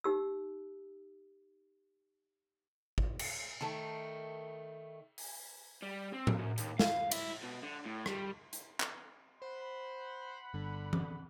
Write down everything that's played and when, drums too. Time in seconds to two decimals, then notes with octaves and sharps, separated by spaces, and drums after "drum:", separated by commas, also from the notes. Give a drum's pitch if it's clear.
0.04 D#4 G4 E6
2.98 drum: kick
3.19 drum: cymbal
3.61 D#3 A3
5.18 drum: open hi-hat
5.82 G3
6.13 C4
6.27 drum: tom A2
6.39 F#2
6.58 D#2, drum: hi-hat
6.79 F5, drum: snare
7.11 E4, drum: cymbal
7.43 B2
7.63 D3
7.85 A2
8.06 G3, drum: rim click
8.53 drum: hi-hat
8.80 drum: clap
9.42 C5 F#5 B5
10.54 G1 D3
10.93 drum: tom E3